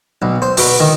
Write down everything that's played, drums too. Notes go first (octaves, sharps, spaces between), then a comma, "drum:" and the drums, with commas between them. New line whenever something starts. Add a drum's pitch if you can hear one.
B1
C5
B2, drum: open hi-hat
D#3